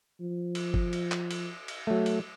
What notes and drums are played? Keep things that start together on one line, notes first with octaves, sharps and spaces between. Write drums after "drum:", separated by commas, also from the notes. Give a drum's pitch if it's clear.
F3
drum: cymbal
drum: kick G1
drum: cymbal
drum: clap
drum: cymbal
drum: cymbal
F#3 A3
drum: cymbal